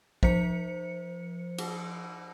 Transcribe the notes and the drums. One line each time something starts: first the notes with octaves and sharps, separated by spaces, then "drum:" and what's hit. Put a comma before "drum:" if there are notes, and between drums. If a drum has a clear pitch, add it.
F3 C5 C#7, drum: kick
drum: cymbal